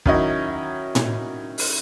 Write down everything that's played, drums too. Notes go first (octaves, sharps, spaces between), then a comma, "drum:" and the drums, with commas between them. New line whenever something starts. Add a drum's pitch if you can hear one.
D#3 F#3 C#4 E4 D#5, drum: kick
drum: tom A2
drum: open hi-hat